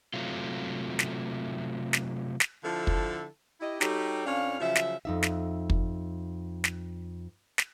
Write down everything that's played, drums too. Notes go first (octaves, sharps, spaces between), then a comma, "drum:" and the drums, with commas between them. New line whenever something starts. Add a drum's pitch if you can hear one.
C3 F#3 A3 F4
drum: snare
drum: snare
drum: snare
D3 F3 E4 A4
drum: kick
E4 G4 D#5
G3 D#4 F#4 G4 A4 C#5, drum: snare
F2 C#4 D4 C#5 F5
C#3 F3 F#3 E5
drum: snare
F2 D#4 E5
drum: snare
drum: kick
drum: snare
drum: snare